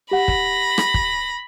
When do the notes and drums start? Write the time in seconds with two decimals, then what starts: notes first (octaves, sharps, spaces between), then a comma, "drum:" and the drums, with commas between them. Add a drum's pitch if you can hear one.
0.11 G4 F#5 B5 A#6
0.28 drum: kick
0.78 drum: rim click
0.94 drum: kick